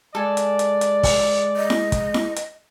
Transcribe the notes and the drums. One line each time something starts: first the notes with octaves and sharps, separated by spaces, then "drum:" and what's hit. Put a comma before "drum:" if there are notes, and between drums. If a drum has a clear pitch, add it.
G#3 A4 D5 G#5
drum: hi-hat
drum: hi-hat
drum: hi-hat
drum: kick, open hi-hat
D#5
drum: snare E4
drum: kick, hi-hat
drum: snare E4
drum: hi-hat